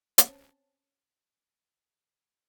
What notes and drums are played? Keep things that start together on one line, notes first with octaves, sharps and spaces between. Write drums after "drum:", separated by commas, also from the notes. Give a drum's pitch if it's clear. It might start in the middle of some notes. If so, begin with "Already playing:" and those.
C4 C#4 A5, drum: hi-hat